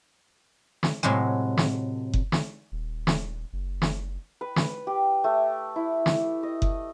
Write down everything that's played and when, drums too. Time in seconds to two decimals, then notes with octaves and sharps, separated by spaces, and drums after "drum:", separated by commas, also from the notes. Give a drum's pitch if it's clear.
0.83 drum: snare
1.03 A2 C3 F#3 G#3
1.57 drum: snare
2.13 drum: kick F#1
2.32 drum: snare
2.72 D#1
3.07 drum: snare
3.53 F#1
3.82 drum: snare
4.41 B4
4.56 drum: snare
4.87 G4
5.24 A3
5.76 E4
6.06 drum: snare
6.43 D#5
6.62 drum: kick F#1